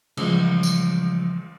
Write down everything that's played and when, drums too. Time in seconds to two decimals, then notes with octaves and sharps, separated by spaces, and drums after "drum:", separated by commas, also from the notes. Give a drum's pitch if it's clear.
0.17 C#3 E3 F3 G3 G#3, drum: cymbal
0.63 drum: tambourine